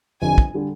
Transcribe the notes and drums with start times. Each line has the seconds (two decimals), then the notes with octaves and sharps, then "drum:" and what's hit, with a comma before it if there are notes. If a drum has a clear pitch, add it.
0.21 G1 F2 D3 G3 G#5
0.38 drum: kick
0.54 D3 G3